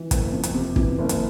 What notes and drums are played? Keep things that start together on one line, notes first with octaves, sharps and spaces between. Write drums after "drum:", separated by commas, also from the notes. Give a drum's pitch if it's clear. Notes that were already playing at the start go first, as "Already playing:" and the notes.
Already playing: E3
F#1, drum: kick, hi-hat
F2
drum: hi-hat
C3
E3, drum: kick
F#1
drum: hi-hat